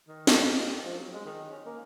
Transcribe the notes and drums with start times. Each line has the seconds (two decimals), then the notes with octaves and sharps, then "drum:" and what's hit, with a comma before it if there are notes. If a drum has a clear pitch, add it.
0.08 D#3
0.27 F3, drum: snare
0.41 A3
0.55 F4
0.68 G4
0.84 F3
0.98 F#3
1.13 G#3
1.25 D#3
1.50 C#4
1.66 A#3